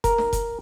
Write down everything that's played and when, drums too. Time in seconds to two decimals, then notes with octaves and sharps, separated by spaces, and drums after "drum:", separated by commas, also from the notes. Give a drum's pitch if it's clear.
0.04 A#4, drum: kick F1, hi-hat
0.18 drum: snare
0.33 drum: kick F1, hi-hat